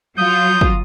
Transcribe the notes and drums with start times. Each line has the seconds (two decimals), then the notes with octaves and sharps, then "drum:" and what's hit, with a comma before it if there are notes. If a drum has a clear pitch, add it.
0.18 F#3 F4 D#6 G6
0.61 drum: kick